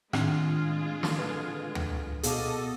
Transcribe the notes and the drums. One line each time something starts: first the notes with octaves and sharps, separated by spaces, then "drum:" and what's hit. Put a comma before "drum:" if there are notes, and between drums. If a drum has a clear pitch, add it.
A2 D#3 G#3 C4 D4 F4, drum: rim click
drum: snare
D3 B4
drum: tom D2
B2 G#4 A4 D#5 F5 D6, drum: hi-hat